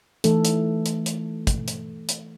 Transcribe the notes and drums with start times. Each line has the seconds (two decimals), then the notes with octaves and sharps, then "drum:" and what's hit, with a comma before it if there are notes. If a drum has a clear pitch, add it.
0.24 E3 A3 D#4 A4, drum: hi-hat
0.45 drum: hi-hat
0.86 drum: hi-hat
1.06 drum: hi-hat
1.47 drum: kick, hi-hat
1.68 drum: hi-hat
2.09 drum: hi-hat